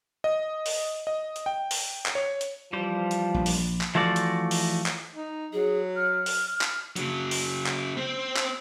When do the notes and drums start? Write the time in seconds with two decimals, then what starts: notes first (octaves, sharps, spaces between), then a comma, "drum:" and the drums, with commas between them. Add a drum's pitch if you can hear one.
0.24 D#5
0.66 drum: open hi-hat
1.07 D#5
1.36 drum: hi-hat
1.46 G5
1.71 drum: open hi-hat
2.06 drum: clap
2.15 C#5
2.41 drum: hi-hat
2.73 E3 F3 G3 C5
3.11 drum: hi-hat
3.34 A#1
3.46 drum: open hi-hat
3.81 drum: clap
3.95 E3 F3 A3 F#4 D5
4.16 drum: hi-hat
4.51 drum: open hi-hat
4.86 drum: clap
5.15 D#4
5.53 F#3 G#4
5.96 F6
6.26 drum: open hi-hat
6.61 drum: clap
6.96 C#3 F#3, drum: hi-hat
7.31 drum: open hi-hat
7.66 drum: clap
7.97 C4
8.36 drum: clap